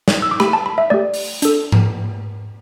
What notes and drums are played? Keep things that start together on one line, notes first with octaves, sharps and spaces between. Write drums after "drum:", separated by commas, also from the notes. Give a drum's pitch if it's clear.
drum: snare
E6
D6
A3 G4 B5, drum: rim click
A5
B5
E5
A3 G4 D5
drum: open hi-hat
D4 A4, drum: hi-hat
drum: tom G#2